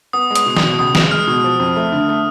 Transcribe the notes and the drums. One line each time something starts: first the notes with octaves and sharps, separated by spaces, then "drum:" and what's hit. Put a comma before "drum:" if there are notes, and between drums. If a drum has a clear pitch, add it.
B3 D#6
G#3
D#6, drum: hi-hat
B2
D#6, drum: snare
B2
C#2 D#6
G#3, drum: snare
G#3 F6
B2
F3
F2
A3
D3
A3